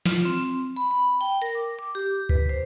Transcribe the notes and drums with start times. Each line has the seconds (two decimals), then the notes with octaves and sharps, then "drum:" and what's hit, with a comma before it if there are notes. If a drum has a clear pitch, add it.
0.06 F4, drum: snare
0.25 C4
0.76 B5
0.91 B5
1.21 G5
1.42 A#4, drum: hi-hat
1.55 D6
1.79 D6
1.95 G4
2.29 B4, drum: kick
2.49 C5